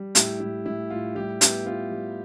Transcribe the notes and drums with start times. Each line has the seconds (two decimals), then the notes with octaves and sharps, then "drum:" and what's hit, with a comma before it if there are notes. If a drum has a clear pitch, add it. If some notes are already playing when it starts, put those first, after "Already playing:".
Already playing: G3
0.15 A2 E4 G4, drum: hi-hat
0.40 A2 E4
0.65 A2 E4
0.90 A2 F4
1.15 G3 E4 G4
1.41 B3 E4 G4, drum: hi-hat
1.66 B3 F4
1.91 G3